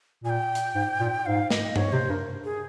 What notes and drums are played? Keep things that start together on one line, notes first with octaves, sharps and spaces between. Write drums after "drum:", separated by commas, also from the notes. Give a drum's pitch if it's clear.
A#2 G#5
G5
drum: hi-hat
G#2
A#2
G#2 F5
D#5, drum: snare
G#2 C#5, drum: tom G2
C3 C5
G2 A#4
G#4